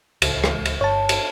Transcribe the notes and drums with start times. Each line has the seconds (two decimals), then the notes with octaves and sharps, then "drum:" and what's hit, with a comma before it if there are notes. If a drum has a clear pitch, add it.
0.22 D1 C#2, drum: cymbal
0.44 drum: rim click
0.65 drum: cymbal
0.81 G1 C#5 A5
1.09 drum: cymbal